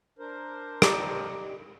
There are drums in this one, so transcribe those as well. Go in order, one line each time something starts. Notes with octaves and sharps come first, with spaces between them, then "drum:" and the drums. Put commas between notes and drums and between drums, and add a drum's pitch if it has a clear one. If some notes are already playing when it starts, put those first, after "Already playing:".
D4 A#4 C5
G4 D5 D#5 A#5 D6, drum: rim click